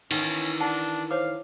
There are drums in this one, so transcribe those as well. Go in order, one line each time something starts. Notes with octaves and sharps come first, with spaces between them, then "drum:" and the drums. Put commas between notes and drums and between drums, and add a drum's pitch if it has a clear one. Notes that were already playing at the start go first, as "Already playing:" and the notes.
D#3 E3 C#4 D#4, drum: cymbal
D4 F#5 A5
C5 C#5 F5 D6